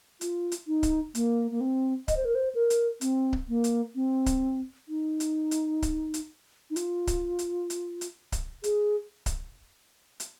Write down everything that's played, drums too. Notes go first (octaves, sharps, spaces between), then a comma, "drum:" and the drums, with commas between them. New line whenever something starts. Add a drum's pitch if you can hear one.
F4, drum: hi-hat
drum: hi-hat
D#4
drum: kick C#1, hi-hat
A#3, drum: hi-hat
A#3
C4
D#5, drum: kick C#1, hi-hat
C5
A#4
C5
A#4
drum: hi-hat
C4, drum: hi-hat
drum: kick C#1
A#3
drum: hi-hat
C4
drum: kick C#1, hi-hat
D#4
drum: hi-hat
drum: hi-hat
drum: kick C#1, hi-hat
drum: hi-hat
D#4
F4, drum: hi-hat
drum: kick C#1, hi-hat
drum: hi-hat
drum: hi-hat
drum: hi-hat
drum: kick C#1, hi-hat
G#4, drum: hi-hat
drum: kick C#1, hi-hat
drum: hi-hat